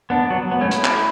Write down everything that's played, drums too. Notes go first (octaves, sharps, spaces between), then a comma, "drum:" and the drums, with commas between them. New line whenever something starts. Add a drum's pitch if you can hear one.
B3 D4
F#3
B3
A3 C#4
C#4 E4, drum: hi-hat
drum: clap